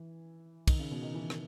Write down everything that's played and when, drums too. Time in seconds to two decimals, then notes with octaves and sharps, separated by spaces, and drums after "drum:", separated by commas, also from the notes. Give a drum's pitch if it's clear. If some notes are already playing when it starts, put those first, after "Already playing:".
Already playing: E3
0.67 D#3, drum: kick, cymbal
0.79 C#3
0.91 B2
1.03 D#3
1.14 E3
1.30 drum: rim click